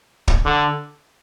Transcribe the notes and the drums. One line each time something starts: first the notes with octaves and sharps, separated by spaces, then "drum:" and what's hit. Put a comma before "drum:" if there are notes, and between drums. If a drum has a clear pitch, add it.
drum: kick
D3